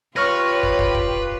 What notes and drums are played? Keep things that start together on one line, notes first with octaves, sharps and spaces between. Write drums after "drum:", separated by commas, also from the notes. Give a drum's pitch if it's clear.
F4 G4 B4 C#5 C#6 F6 A#6
drum: kick
drum: kick
drum: kick